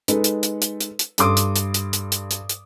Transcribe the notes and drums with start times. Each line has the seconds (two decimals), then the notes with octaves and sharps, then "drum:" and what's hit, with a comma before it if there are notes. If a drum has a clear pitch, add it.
0.08 G#3 D#4 A4 B4, drum: hi-hat
0.24 drum: hi-hat
0.43 drum: hi-hat
0.62 drum: hi-hat
0.81 drum: hi-hat
0.99 drum: hi-hat
1.18 G2 A4 C6 D6 D#6, drum: hi-hat
1.37 drum: hi-hat
1.56 drum: hi-hat
1.74 drum: hi-hat
1.93 drum: hi-hat
2.12 drum: hi-hat
2.31 drum: hi-hat
2.49 drum: hi-hat